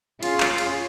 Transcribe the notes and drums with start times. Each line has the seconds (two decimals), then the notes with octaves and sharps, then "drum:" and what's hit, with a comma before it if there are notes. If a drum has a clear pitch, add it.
0.23 C#4 F4 G#4 C#5, drum: cymbal
0.40 drum: clap
0.58 drum: cymbal